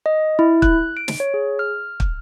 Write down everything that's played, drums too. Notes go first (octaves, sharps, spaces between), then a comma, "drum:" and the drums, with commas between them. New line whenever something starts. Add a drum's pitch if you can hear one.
D#5
E4
F#6, drum: kick
D7
drum: snare
C#5
G#4
F6
drum: kick